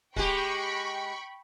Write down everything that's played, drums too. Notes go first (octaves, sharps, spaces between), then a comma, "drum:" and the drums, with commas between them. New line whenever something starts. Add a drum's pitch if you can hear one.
G#3 G4 G5 B5 C#6, drum: kick